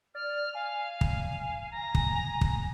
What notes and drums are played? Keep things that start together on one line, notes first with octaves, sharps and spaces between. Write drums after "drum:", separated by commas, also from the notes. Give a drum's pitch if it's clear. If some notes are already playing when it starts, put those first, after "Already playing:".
D5 F6
F5 G#5
drum: kick
A#5
drum: kick
drum: kick